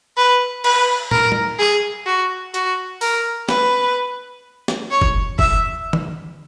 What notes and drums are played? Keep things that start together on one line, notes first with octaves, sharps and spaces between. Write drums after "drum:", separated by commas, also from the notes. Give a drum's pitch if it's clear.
B4
B4, drum: cymbal
A#4, drum: tom
drum: tom G3
G#4
F#4
F#4, drum: hi-hat
A#4, drum: open hi-hat
B4, drum: snare
drum: snare
C#5
drum: kick F#1
E5, drum: kick F#1
drum: tom